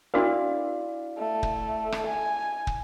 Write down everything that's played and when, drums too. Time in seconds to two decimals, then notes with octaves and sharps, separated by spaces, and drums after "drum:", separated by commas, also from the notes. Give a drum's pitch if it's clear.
0.14 D4 E4 F#4 A#4 D5 F5
1.18 A3
1.43 drum: kick
1.92 drum: rim click
2.07 G#5
2.67 drum: kick